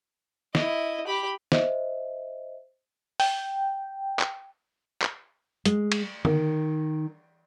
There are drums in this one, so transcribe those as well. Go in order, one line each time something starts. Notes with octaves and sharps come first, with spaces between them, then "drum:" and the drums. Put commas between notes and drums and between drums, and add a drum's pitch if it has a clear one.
E4 D#5, drum: snare
G4 B5
C5 D#5 E5, drum: snare
G5, drum: open hi-hat
drum: clap
drum: clap
G#3, drum: hi-hat
drum: cymbal
D#3, drum: tom D3